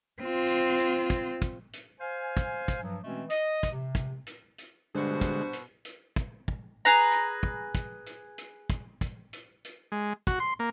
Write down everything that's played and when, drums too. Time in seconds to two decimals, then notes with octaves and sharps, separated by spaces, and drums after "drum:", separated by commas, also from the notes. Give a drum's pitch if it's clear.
0.22 C4 F4
0.47 drum: hi-hat
0.78 drum: hi-hat
1.10 drum: kick, hi-hat
1.42 drum: kick, hi-hat
1.73 drum: hi-hat
2.00 C5 F5 G#5
2.37 drum: kick, hi-hat
2.68 drum: kick, hi-hat
2.83 G2 F3 F#3
3.03 B2 E3 G#3 A3 C4 C#4
3.30 D#5, drum: hi-hat
3.63 drum: kick, hi-hat
3.72 C3
3.95 drum: kick, hi-hat
4.27 drum: hi-hat
4.58 drum: hi-hat
4.95 G2 B2 D3 G#3 F#4 C5
5.21 drum: kick, hi-hat
5.53 drum: hi-hat
5.85 drum: hi-hat
6.16 drum: kick, hi-hat
6.48 drum: kick
6.85 G#4 B4 A#5
7.11 drum: hi-hat
7.43 drum: kick
7.75 drum: kick, hi-hat
8.06 drum: hi-hat
8.38 drum: hi-hat
8.70 drum: kick, hi-hat
9.01 drum: kick, hi-hat
9.33 drum: hi-hat
9.65 drum: hi-hat
9.92 G#3
10.27 F#4, drum: kick, hi-hat
10.40 C6
10.59 A#3